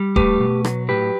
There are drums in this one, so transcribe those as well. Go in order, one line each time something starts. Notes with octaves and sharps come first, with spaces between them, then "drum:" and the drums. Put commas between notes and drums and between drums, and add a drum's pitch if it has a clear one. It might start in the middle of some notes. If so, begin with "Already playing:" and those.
Already playing: G3
A3 G4 B4, drum: kick D1
B2
F#3, drum: rim click
A2 G4 B4